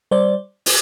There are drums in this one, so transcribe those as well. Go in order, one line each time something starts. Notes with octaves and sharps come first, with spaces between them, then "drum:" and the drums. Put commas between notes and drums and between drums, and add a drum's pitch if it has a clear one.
G3 C5 D5
drum: open hi-hat